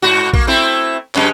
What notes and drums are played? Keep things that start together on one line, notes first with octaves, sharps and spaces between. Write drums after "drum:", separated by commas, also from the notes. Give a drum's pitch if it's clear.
G#2 F#4
A#3, drum: kick A#1
A3 C4 E4
F#2 G#3 C#4, drum: clap